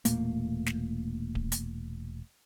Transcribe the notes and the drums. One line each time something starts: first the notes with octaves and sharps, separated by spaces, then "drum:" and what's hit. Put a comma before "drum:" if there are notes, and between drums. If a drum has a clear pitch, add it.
E1 A#2 A3 A#3, drum: hi-hat
drum: snare
drum: kick D1
drum: hi-hat